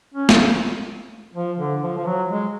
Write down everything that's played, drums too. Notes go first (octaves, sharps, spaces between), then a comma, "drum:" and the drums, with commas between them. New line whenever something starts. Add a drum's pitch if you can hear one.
C#4
drum: snare
F3
D3
F3
F3
F#3
G#3